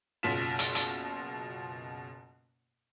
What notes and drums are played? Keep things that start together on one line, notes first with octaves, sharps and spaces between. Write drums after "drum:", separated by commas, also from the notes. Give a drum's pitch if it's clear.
F#1 B2 F4 B6 E7
drum: hi-hat
drum: hi-hat